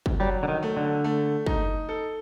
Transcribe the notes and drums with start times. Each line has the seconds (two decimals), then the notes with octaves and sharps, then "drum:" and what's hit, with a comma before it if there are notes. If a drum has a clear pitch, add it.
0.06 drum: kick
0.20 F#3 G3
0.43 D3
0.48 D#3
0.63 A3
0.77 D3
1.04 A3
1.46 D#4, drum: kick
1.89 A4